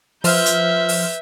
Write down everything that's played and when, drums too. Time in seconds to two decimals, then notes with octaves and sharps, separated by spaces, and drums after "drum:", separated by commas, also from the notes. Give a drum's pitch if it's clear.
0.24 F3 B4 C5 E5 F6 G6, drum: open hi-hat
0.46 drum: hi-hat
0.89 drum: open hi-hat